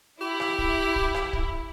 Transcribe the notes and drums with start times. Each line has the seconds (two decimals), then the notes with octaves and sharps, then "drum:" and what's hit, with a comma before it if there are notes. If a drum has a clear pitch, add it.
0.21 E4 G4
0.40 drum: rim click
0.58 drum: kick
0.96 drum: kick
1.14 drum: rim click
1.33 drum: kick